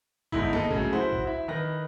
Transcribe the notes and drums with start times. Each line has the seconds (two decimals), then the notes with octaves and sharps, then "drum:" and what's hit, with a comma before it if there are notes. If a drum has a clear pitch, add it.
0.32 G1 G#2 D#4 E4, drum: kick
0.53 A#3 A4 D#5, drum: snare
0.71 C#3 F#3 A3, drum: kick
0.93 E4 F#4 C5
1.13 drum: kick
1.25 E4 E5
1.48 D#3 B4 A#6